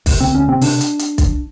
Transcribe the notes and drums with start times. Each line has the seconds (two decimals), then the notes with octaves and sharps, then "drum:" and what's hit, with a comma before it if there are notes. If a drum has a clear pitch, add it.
0.06 C3, drum: kick, open hi-hat
0.20 D2 C4
0.34 D2 C#4
0.48 C3 C4
0.61 C3 D4, drum: open hi-hat
0.81 drum: hi-hat
0.99 drum: hi-hat
1.18 drum: kick, hi-hat